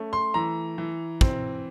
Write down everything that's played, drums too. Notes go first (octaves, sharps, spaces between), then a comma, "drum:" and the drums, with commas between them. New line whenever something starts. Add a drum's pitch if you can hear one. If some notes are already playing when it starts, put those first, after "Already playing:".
Already playing: A3 C#4
C6
E3 A#5
E3
C4, drum: kick